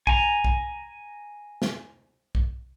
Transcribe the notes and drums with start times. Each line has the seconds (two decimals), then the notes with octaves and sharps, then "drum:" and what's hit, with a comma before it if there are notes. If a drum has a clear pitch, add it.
0.07 G#5 A#5, drum: kick B1
0.44 drum: kick B1
1.62 drum: snare
2.35 drum: kick B1